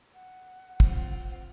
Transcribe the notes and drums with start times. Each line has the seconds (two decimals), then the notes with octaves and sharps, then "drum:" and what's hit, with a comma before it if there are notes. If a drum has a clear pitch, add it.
0.14 F#5
0.80 C4 F4, drum: kick